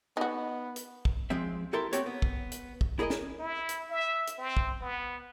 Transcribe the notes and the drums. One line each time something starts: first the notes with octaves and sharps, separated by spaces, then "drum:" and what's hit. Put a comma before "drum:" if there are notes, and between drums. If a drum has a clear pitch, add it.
B3 D#4 F#4
drum: hi-hat
drum: kick
F3 G#3 C4 E5
E4 G4 A4 A#4 E5 C6
A3 C4 F#4 G4 C#5, drum: hi-hat
B3
drum: kick
drum: hi-hat
drum: kick
E4 G#4 A#4 C#5 D#5
drum: snare
E4
drum: hi-hat
E5
drum: hi-hat
C4
drum: kick
B3